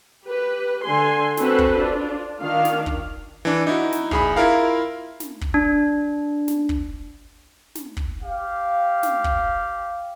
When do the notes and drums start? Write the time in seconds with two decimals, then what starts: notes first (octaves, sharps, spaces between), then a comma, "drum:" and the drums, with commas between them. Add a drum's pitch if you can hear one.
0.24 G4 B4
0.83 D3 G#5 C6
1.37 C4 F#4 A4 B4 C5, drum: snare
1.58 drum: kick
1.77 D4 F4
2.40 D#3 D4 F4 F5
2.65 drum: snare
2.86 drum: kick
3.45 E3 D4
3.67 D#4 E4 F#4
3.92 drum: snare
4.11 A#1 G#4 B5, drum: kick
4.36 E4 F4 A#4 F5
5.20 drum: snare
5.41 drum: kick
5.54 D4
6.48 drum: snare
6.69 drum: kick
7.75 drum: snare
7.97 drum: kick
8.22 G4 F5
9.03 drum: snare
9.24 drum: kick